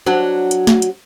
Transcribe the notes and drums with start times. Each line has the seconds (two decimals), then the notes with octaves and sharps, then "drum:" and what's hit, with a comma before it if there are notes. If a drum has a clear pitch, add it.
0.07 F#3 D4
0.51 drum: hi-hat
0.67 drum: snare
0.82 drum: hi-hat